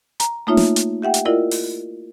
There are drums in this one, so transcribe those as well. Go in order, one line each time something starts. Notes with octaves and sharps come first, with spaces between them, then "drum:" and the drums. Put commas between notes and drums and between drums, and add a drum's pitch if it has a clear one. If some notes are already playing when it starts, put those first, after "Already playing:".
A#5, drum: hi-hat
A3 A#3 D#4 F4 C#5 E5
drum: snare
drum: hi-hat
G4 E5 F#5 G5
drum: hi-hat
E4 F4 A#4 D5 D#5
drum: open hi-hat